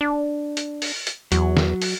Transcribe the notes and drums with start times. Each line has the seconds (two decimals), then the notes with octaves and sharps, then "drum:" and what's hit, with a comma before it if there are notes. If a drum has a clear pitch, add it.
0.01 D4
0.57 drum: hi-hat
0.82 drum: open hi-hat
1.07 drum: hi-hat
1.32 E2 F#3, drum: hi-hat
1.57 drum: snare
1.82 drum: open hi-hat